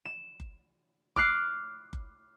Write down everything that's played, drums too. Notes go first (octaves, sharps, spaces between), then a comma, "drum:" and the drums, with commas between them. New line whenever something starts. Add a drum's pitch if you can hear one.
E7
drum: kick F#1
D6 F6 F#6 C7, drum: kick F#1
drum: kick F#1